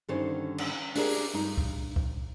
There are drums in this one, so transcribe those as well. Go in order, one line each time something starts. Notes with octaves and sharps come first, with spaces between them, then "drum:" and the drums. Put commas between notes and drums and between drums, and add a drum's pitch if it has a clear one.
G2 D3 D#3 G3 C#4 C5
drum: cymbal
D4 F4 G4 G#4 A#4 D5, drum: open hi-hat
drum: open hi-hat
G2 D#4
drum: kick C2
drum: kick C2